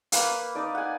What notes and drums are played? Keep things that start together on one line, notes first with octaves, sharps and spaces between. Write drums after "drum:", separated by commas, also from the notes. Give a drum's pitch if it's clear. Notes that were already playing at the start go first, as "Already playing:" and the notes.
A#3 B4, drum: hi-hat
D#4 D5
F#5 G#5